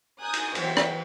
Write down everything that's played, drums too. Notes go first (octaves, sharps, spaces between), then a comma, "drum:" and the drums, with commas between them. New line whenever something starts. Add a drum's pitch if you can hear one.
G#5 A#5 D#6 F#6 G6
drum: cymbal
E3 F#3 B3 C5 G5 B6, drum: cymbal
drum: rim click